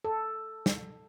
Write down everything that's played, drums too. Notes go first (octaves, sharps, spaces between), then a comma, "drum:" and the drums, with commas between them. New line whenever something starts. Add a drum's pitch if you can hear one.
A4
drum: snare